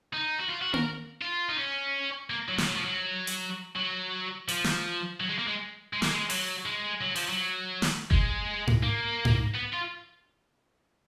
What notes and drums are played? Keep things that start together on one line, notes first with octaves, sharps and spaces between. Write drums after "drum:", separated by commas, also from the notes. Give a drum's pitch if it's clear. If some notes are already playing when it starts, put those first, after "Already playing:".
D#4
F#4
F4
F#4
A#4, drum: tom A#3
F4
D#4
C#4
A#3
F#3
F3, drum: snare
F#3
F3
F#3
drum: hi-hat
F#3
F3, drum: hi-hat
drum: snare
F#3
G#3
A#3
G#3
G#3
A#3, drum: snare
G#3
F#3, drum: open hi-hat
G#3
F#3
F3, drum: open hi-hat
F#3
drum: snare
G#3, drum: kick F#1
drum: tom G#2
A#3
drum: tom G#2
B3
F4